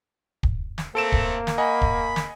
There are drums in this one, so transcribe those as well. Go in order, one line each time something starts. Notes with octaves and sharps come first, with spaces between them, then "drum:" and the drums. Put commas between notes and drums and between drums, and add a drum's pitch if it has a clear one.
drum: kick
drum: snare
A3 A#3 C4 A4 D7 E7
drum: kick
drum: snare
D#5 F#5 G#5 B5
drum: kick
drum: snare